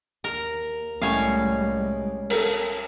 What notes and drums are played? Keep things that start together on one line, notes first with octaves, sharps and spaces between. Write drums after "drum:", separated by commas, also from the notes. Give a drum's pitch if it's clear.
D#2 A#4
C2 A2 G3 G#3 C#4 F5
A4 A#4, drum: cymbal